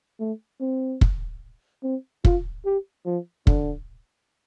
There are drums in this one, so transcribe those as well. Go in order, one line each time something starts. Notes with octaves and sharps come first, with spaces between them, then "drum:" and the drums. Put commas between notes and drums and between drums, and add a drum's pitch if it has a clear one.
A3
C4
drum: kick
C4
F4, drum: kick
G4
F3
D3, drum: kick